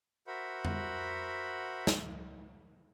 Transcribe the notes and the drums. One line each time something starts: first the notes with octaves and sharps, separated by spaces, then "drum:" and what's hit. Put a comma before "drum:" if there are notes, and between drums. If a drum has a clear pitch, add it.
F#4 A#4 C5 E5 F#5 B5
drum: tom F2
drum: snare